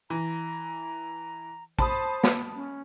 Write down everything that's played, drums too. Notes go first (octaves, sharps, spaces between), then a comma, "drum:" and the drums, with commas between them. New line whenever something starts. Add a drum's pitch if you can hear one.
E3 A#5
C5 A5 B5 D#6, drum: kick
drum: snare
C#4